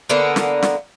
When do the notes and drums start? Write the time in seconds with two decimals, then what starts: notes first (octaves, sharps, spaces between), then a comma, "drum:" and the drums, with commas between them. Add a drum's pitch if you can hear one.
0.09 D3 A#3 B3
0.36 drum: snare
0.62 drum: snare